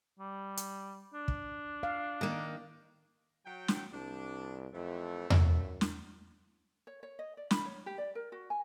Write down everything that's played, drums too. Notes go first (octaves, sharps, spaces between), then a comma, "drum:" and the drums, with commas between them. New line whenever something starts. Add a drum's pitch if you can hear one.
G3
drum: hi-hat
D4
drum: kick
F5
D#3 A#3
F#3 G5
drum: snare
C2 D4
F2 E3 F3 A3
F#2, drum: tom E2
drum: snare
C#5
C#5
D#5
D5
B5, drum: snare
C#5
G4
D5
A#4
F#4
G#5